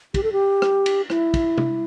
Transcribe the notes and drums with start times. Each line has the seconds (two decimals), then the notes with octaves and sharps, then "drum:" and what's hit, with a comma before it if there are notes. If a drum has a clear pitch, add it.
0.14 G4, drum: kick, cymbal
0.23 A4
0.32 G4
0.62 drum: rim click
0.86 drum: cymbal
1.10 E4, drum: rim click
1.34 drum: kick, cymbal
1.58 drum: tom C3